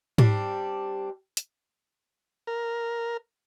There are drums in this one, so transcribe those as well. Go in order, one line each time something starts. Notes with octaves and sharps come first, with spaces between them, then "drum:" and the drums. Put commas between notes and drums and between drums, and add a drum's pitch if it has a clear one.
G3 C4 D4, drum: tom G#2
drum: hi-hat
A#4